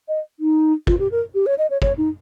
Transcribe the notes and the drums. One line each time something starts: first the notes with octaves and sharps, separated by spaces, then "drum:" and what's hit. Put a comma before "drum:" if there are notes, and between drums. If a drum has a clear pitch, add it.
D#5
D#4
F4, drum: kick
G4
A#4
G4
C#5
D#5
C#5
C#5, drum: kick
D#4